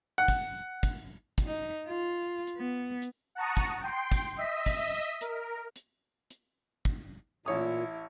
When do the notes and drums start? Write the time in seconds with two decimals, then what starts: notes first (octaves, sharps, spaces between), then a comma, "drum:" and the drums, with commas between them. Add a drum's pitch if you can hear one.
0.18 F#5
0.28 drum: kick, hi-hat
0.83 drum: kick, hi-hat
1.38 drum: kick, hi-hat
1.47 D#4
1.87 F4
2.47 drum: hi-hat
2.57 B3
3.02 drum: hi-hat
3.35 F#5 A5 A#5 C#6 D#6
3.57 drum: kick, hi-hat
3.81 G5 C6
4.12 drum: kick, hi-hat
4.37 D#5 E5 B6
4.66 drum: kick, hi-hat
5.21 A#4, drum: hi-hat
5.76 drum: hi-hat
6.30 drum: hi-hat
6.85 drum: kick
7.46 A1 A#2 E4 C#5 D#6